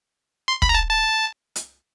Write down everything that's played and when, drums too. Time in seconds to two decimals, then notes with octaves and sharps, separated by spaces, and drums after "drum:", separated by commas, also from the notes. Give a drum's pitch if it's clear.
0.48 C6
0.62 B5, drum: kick
0.69 A#5
0.75 A5
0.89 A5
1.56 drum: hi-hat